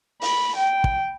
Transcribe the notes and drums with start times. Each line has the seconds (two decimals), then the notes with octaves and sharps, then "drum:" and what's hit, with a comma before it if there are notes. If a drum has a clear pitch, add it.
0.22 B5, drum: open hi-hat
0.56 G5
0.84 drum: kick